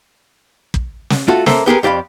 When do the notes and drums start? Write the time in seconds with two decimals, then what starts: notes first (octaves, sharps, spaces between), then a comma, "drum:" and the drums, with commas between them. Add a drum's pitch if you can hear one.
0.74 drum: kick
1.10 drum: snare
1.28 A3 F4 F#4 A4
1.46 A#3 A4 C5 E5, drum: snare
1.66 B3 G4 G#4 A#4
1.83 F2 G4 D5 F5 B5